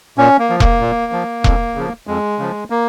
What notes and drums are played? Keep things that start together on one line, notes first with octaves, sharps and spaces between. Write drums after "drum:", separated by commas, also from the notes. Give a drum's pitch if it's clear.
A#2 C#4
A#3
F3
A#3, drum: kick E1
A#2
F3
F2, drum: kick E1
C#3 F3
F2 G#3
C#3 F3
A#3